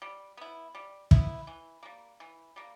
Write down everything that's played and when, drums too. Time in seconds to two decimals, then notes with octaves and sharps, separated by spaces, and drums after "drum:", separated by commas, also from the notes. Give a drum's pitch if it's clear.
0.02 G3
0.37 B3 E4
0.75 G3
1.11 B3 E4, drum: kick
1.47 E3
1.83 G3 A#3
2.20 E3
2.56 G3 A#3